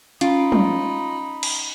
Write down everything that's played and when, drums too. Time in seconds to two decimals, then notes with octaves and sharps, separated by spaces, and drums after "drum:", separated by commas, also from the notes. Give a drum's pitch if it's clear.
0.21 C#4 D#4 F4 B5 D7, drum: hi-hat
0.52 drum: tom
1.43 drum: cymbal